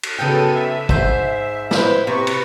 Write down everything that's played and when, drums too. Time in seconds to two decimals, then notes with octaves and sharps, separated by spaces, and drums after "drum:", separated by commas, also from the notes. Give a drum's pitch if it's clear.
0.03 drum: cymbal
0.19 F#2 C#3 B3 A4 G5 D#7
0.55 E5
0.89 G#2 C5, drum: kick
1.71 E4 B4 C5, drum: snare
2.07 C3 B4 C#6
2.27 drum: cymbal